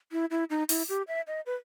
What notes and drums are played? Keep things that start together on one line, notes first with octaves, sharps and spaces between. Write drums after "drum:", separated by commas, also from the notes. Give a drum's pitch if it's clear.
E4
E4
D#4
E4, drum: open hi-hat
G4
E5
D#5
B4